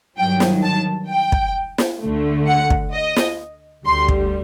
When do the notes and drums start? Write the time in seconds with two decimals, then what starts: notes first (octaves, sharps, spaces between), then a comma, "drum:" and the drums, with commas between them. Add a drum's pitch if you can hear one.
0.17 G2 D#3 F#3 G5
0.40 drum: snare
0.64 A5
1.10 G5
1.32 drum: kick
1.78 drum: snare
2.01 D2 D3 A3
2.47 F#5
2.70 drum: kick
2.93 D#5
3.16 drum: snare
3.85 D2 D3 G3 C6
4.09 drum: kick